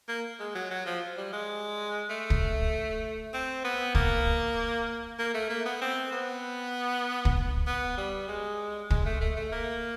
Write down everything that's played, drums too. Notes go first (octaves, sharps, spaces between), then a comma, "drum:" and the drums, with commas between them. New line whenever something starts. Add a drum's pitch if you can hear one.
A#3
G#3
F#3
F#3
F3
G3
G#3
A3
drum: kick
C4
B3
A#3, drum: kick
A#3
A3
A#3
B3
C4
B3
drum: kick
B3
G3
G#3
G#3, drum: kick
A3
A3
A3
A#3